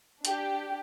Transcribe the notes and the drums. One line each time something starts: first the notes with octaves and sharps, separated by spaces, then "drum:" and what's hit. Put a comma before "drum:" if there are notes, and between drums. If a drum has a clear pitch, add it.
D4 G4, drum: hi-hat